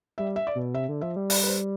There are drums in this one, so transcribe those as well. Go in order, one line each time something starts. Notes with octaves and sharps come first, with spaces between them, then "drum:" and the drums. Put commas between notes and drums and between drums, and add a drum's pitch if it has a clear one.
G3 E5
E5
D5
B2
C3 E5
D3
F3 E5
G3
D5, drum: open hi-hat
B4
C5